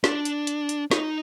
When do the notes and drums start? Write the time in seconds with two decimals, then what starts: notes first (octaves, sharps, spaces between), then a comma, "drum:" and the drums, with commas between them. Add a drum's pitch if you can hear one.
0.04 D4, drum: snare
0.25 drum: hi-hat
0.47 drum: hi-hat
0.69 drum: hi-hat
0.91 D#4, drum: snare